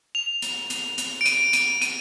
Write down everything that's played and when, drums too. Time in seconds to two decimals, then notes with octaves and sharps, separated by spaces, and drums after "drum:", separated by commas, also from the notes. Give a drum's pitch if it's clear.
0.15 F7
0.42 drum: hi-hat
0.70 drum: hi-hat
0.98 drum: hi-hat
1.21 D7
1.26 D#7, drum: hi-hat
1.53 D#7, drum: hi-hat
1.82 D#7, drum: hi-hat